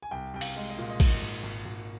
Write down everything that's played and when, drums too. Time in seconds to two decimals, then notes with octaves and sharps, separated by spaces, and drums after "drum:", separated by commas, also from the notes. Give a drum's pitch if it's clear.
0.02 G#5
0.11 C2 G5
0.34 C2 G5
0.41 F5, drum: cymbal
0.56 G#3
0.70 D#5
0.78 A#2 F5
0.90 D#5
1.00 G#1, drum: kick, cymbal
1.22 G#1
1.43 G#1
1.65 G#1